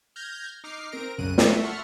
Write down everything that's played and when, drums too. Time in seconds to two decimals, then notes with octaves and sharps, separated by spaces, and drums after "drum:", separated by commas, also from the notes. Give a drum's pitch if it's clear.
0.16 F6 G6 G#6 A#6
0.64 D#4 D6 F6 C7
0.92 C4 A#4 A#6 D7
1.18 C2 F#2 C#3 F#6 D#7
1.38 A3 A4 E5 C#6, drum: snare
1.63 E5 F#5 A5 C6 C#6 F6